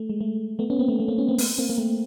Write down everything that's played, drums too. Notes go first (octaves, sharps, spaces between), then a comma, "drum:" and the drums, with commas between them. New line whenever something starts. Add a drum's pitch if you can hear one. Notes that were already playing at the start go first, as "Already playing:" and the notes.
Already playing: A3
G#3
A3
A3 B3
B3 C#4
A#3 C4
A3 B3
A3 B3
A#3 C4
B3 C#4
A#3 C4
A3 B3, drum: open hi-hat
A#3 C4
A#3
A3